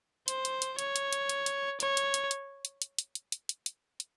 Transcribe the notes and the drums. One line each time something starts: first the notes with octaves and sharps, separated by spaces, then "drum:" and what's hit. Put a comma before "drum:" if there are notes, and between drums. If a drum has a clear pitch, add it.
C5, drum: hi-hat
drum: hi-hat
drum: hi-hat
C#5, drum: hi-hat
drum: hi-hat
drum: hi-hat
drum: hi-hat
drum: hi-hat
C#5, drum: hi-hat
drum: hi-hat
drum: hi-hat
drum: hi-hat
drum: hi-hat
drum: hi-hat
drum: hi-hat
drum: hi-hat
drum: hi-hat
drum: hi-hat
drum: hi-hat
drum: hi-hat